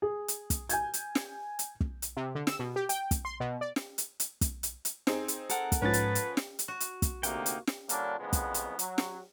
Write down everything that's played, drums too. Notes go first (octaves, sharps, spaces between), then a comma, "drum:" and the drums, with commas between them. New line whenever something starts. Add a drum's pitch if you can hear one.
G#4
drum: hi-hat
drum: kick, hi-hat
G#5 G6 G#6, drum: hi-hat
drum: hi-hat
drum: snare
drum: hi-hat
drum: kick
drum: hi-hat
C3
D3
E6, drum: snare
B2
G4
G5, drum: hi-hat
drum: kick, hi-hat
C6
B2
D5
drum: snare
drum: hi-hat
drum: hi-hat
drum: kick, hi-hat
drum: hi-hat
drum: hi-hat
C4 D#4 G#4, drum: snare
drum: hi-hat
A4 A#4 F#5, drum: hi-hat
drum: kick, hi-hat
G#2 F3 C#4 B4 C#5 A6
drum: hi-hat
drum: hi-hat
drum: snare
drum: hi-hat
F#4
drum: hi-hat
drum: kick, hi-hat
D2 C3 A#3 D#4 F#5 G5, drum: hi-hat
drum: hi-hat
drum: snare
A#2 D3 G3 A#3 C#4 D4, drum: hi-hat
C2 F2 C#3 G#3 B3
drum: kick, hi-hat
drum: hi-hat
F#3, drum: hi-hat
drum: snare